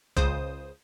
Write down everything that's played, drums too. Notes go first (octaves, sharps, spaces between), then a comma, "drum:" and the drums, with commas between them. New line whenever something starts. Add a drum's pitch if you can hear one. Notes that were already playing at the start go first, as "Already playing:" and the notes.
C#2 C#3 C5 D#6, drum: kick B1